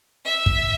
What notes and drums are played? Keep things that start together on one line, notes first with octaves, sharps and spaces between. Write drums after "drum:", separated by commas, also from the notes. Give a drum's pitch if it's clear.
E5
drum: kick